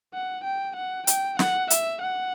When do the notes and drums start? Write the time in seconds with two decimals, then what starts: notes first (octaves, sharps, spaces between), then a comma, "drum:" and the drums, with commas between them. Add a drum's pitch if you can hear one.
0.13 F#5
0.44 G5
0.76 F#5
1.07 G5, drum: hi-hat
1.39 F#5, drum: snare
1.70 E5, drum: hi-hat
2.02 F#5